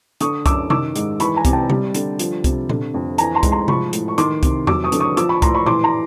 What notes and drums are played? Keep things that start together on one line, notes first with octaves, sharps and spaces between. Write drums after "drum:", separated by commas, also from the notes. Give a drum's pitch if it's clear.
D3 C#6 D#6, drum: hi-hat
F#2 D6 E6, drum: kick C2, hi-hat
D#3 D6 E6, drum: tom C3
G#2, drum: hi-hat
E3 B5 C#6, drum: hi-hat
G#5 A#5
C3, drum: kick C2, hi-hat
G5 A5
G3, drum: tom C3
D3, drum: hi-hat
F3, drum: hi-hat
C3, drum: kick C2, hi-hat
D3, drum: tom A#2
F2
E3 G#5 A#5, drum: hi-hat
A#5 C6
G#2, drum: kick C2, hi-hat
A#5 C6
F3 B5 C#6, drum: tom C3
A2, drum: hi-hat
C#6
D#3 C6 D6, drum: hi-hat
C3, drum: kick C2, hi-hat
F#3 D6 E6, drum: tom E2
C#6 D#6
D3, drum: hi-hat
C#6 D#6
F3 D6 E6, drum: hi-hat
B5 C#6
A2 A#5 C6, drum: kick C2, hi-hat
B5 C#6
E3 C6 D6, drum: tom A#2
A#5 C6